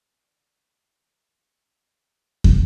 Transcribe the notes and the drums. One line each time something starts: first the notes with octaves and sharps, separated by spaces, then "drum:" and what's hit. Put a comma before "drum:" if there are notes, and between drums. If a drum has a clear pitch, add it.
D3 C5 G5
drum: kick